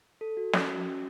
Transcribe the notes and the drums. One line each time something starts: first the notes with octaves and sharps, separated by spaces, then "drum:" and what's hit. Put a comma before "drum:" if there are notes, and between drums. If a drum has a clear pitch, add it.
A4
F#4
C#4, drum: snare
F#4
C#4